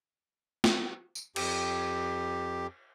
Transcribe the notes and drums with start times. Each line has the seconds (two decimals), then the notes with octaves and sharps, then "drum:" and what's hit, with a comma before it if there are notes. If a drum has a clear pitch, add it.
0.64 drum: snare
1.15 drum: tambourine
1.36 F2 G4, drum: cymbal